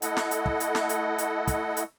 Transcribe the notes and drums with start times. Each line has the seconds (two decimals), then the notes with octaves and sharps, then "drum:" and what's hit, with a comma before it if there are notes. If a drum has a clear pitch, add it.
0.02 A3 E4 A4 D#5 F#5, drum: hi-hat
0.17 drum: snare
0.31 drum: hi-hat
0.46 drum: kick
0.60 drum: hi-hat
0.75 drum: snare
0.89 drum: hi-hat
1.18 drum: hi-hat
1.47 drum: kick, hi-hat
1.77 drum: hi-hat